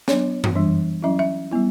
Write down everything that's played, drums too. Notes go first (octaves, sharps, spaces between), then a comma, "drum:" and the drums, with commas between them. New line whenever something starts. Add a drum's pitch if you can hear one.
F#3 B3 D4 C#5, drum: snare
drum: tom F#2
E3 G3 D4
F#3 C#4 E4 E5
E5
G3 B3 E4